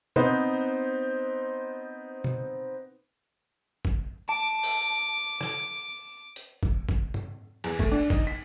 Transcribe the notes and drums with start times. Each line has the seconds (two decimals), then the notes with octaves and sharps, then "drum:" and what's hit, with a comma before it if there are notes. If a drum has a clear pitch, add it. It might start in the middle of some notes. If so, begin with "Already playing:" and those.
0.16 B3 C4 D#4 B4 C5, drum: tom B2
2.24 drum: tom B2
3.85 drum: kick
4.29 A5 D6
4.63 drum: open hi-hat
5.41 drum: rim click
6.36 drum: hi-hat
6.63 drum: kick
6.89 drum: kick
7.14 drum: tom
7.64 E2, drum: cymbal
7.79 A3, drum: kick
7.92 D4
8.10 D#4, drum: kick
8.27 B6